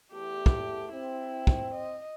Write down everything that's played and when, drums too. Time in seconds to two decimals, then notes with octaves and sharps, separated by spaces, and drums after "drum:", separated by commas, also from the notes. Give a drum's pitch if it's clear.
0.13 E2 A3 G4
0.46 drum: kick
0.93 C4 E4
1.47 drum: kick
1.74 D#5